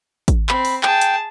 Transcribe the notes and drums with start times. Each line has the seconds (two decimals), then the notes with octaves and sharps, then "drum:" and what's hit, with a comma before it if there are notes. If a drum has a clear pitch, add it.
0.28 drum: kick, hi-hat
0.49 C4 B5, drum: clap
0.65 drum: open hi-hat
0.83 G#4 G5 A5, drum: clap
1.02 drum: hi-hat